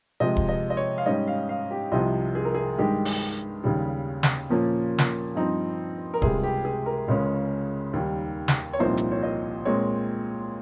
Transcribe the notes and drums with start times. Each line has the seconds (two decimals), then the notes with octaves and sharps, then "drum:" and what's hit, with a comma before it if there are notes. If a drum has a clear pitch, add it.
0.20 C3 F3 G#3 D#5
0.36 drum: kick D1
0.49 D#5
0.70 D#5
0.77 C#5
0.98 F5
1.06 G#2 G3 C#4 D#5
1.28 F5
1.49 F5
1.71 G4
1.92 C2 C3 F3 D#5
2.35 G#4
2.45 A#4
2.54 G#4
2.78 G2 D#3 G#3 G4
3.05 drum: open hi-hat
3.64 D#2 C#3 G3
4.23 drum: snare
4.50 A#2 F3 A#3 C#4
4.98 drum: snare
5.35 G2 F3 C4 D#4
6.14 A#4
6.22 C#2 C3 G3 G#4, drum: kick D1
6.43 G4
6.65 G#4
6.86 A#4
7.08 C#2 C#3 G#3 C#4
7.93 D#2 D#3 G3
8.48 drum: snare
8.73 C#5
8.79 C2 A#2 F3 C4 D#4 C5
8.97 drum: hi-hat
9.11 C#5
9.23 D#5
9.65 A#2 G#3 C4 C#5